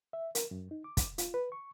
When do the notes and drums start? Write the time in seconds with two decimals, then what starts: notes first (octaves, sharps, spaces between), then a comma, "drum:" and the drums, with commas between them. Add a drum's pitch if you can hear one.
0.13 E5
0.35 A#4, drum: hi-hat
0.51 F#2
0.71 D#4
0.84 D6
0.97 drum: kick, hi-hat
1.18 F4, drum: hi-hat
1.34 B4
1.52 C#6